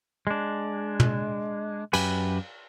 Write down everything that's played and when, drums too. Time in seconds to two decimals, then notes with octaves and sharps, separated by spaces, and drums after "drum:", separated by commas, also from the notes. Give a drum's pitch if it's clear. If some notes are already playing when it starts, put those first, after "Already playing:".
0.27 G#3 D4
1.00 drum: tom
1.93 F#2 G4 B4 G#5, drum: cymbal